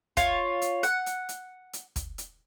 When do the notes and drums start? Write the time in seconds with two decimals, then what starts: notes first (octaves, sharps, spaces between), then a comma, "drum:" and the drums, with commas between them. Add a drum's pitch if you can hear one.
0.17 F4 C#5, drum: kick, hi-hat
0.62 drum: hi-hat
0.83 F#5, drum: hi-hat
1.06 drum: hi-hat
1.29 drum: hi-hat
1.73 drum: hi-hat
1.96 drum: kick, hi-hat
2.18 drum: hi-hat